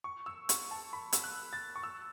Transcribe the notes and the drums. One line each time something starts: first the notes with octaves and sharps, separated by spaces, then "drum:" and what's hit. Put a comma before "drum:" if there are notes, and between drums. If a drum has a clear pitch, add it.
C#6
E6
C#6, drum: hi-hat
A5
B5
E6, drum: hi-hat
F#6
A6
C#6
E6